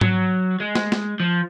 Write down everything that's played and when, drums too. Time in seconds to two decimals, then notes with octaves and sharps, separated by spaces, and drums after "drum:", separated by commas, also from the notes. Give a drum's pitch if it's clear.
0.01 F#3, drum: tom G#2
0.60 G#3
0.75 drum: snare
0.92 drum: snare
1.20 F3